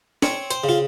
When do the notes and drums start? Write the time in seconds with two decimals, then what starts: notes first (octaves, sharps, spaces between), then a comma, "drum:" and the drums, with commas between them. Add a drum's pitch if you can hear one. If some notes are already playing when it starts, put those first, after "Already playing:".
0.22 C4 C#5, drum: snare
0.51 C5, drum: hi-hat
0.64 C#3
0.69 F4